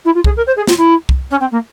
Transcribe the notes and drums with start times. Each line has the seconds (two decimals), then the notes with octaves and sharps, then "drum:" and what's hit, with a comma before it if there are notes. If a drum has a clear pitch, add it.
0.05 E4
0.14 F4
0.24 G#4, drum: kick
0.36 A#4
0.46 C5
0.56 G#4
0.67 F4, drum: snare
0.77 E4
1.09 drum: kick
1.30 C#4
1.40 C4
1.51 A#3